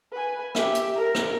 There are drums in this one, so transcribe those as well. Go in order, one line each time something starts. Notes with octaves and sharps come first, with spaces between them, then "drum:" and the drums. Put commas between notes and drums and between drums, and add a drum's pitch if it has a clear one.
B4 G#5
G4 E5, drum: rim click
drum: hi-hat
A#4 A#5
drum: rim click